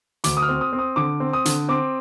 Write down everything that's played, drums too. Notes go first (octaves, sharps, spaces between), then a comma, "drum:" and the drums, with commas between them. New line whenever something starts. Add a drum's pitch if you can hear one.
D2 D6, drum: hi-hat
D#6
F6
C4
D#6
C4
D#6
D3 D6
C4
D#6
D3, drum: hi-hat
C4 D6